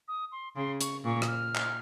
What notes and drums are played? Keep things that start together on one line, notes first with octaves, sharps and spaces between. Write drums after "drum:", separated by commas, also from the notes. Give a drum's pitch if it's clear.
D#6
C6
C#3 C6
C#6, drum: hi-hat
A#2 C#6
D#6, drum: rim click
F6
drum: clap